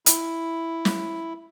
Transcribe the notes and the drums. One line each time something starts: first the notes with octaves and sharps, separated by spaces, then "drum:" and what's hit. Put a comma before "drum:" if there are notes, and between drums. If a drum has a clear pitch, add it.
E4, drum: hi-hat
drum: snare